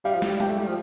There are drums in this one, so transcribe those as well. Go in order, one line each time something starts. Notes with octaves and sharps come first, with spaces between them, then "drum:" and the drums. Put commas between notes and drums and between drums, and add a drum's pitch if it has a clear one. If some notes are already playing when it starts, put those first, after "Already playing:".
G3 F5
F3
G3, drum: snare
G3 G5, drum: tom G#3
A3
G3
F3